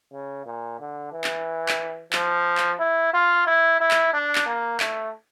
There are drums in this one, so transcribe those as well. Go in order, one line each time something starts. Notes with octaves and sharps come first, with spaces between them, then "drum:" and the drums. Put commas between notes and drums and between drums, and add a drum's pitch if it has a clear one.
C#3
A#2
D3
E3
drum: clap
drum: clap
F3, drum: clap
drum: clap
E4
F4
E4
E4
drum: clap
D4
drum: clap
A#3
A3, drum: clap